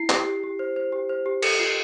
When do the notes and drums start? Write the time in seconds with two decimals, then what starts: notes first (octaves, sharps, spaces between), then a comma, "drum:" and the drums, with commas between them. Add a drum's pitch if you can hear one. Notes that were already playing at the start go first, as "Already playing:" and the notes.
Already playing: E4 C7
0.09 G4, drum: clap
0.26 G4
0.43 G4
0.59 C5
0.76 C5
0.92 G4
1.09 C5
1.26 G4
1.42 A4 C#7, drum: cymbal
1.59 F4 C7